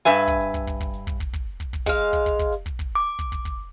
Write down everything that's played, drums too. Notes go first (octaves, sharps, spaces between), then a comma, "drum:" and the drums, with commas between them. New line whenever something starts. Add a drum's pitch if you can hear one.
G2 B4 E5 G#5
drum: kick, hi-hat
drum: hi-hat
drum: kick, hi-hat
drum: kick, hi-hat
drum: kick, hi-hat
drum: hi-hat
drum: kick, hi-hat
drum: kick, hi-hat
drum: kick, hi-hat
drum: kick, hi-hat
drum: kick, hi-hat
G#3 F5, drum: kick, hi-hat
drum: hi-hat
drum: kick, hi-hat
drum: kick, hi-hat
drum: kick, hi-hat
drum: hi-hat
drum: kick, hi-hat
drum: kick, hi-hat
D6
drum: kick, hi-hat
drum: kick, hi-hat
drum: kick, hi-hat